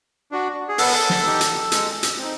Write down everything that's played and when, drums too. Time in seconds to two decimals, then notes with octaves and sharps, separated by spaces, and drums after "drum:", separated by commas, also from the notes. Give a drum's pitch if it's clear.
0.32 D4 F#4
0.69 G#4
0.78 B3 A4, drum: open hi-hat
1.10 drum: snare
1.25 D#4 G4
1.41 drum: hi-hat
1.72 G#3, drum: hi-hat
2.03 drum: hi-hat
2.18 C4 D#4